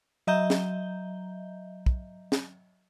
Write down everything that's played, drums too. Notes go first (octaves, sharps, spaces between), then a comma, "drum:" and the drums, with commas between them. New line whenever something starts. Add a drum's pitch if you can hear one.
F#3 D#5 E5 A#5 G6 G7
drum: snare
drum: kick
drum: snare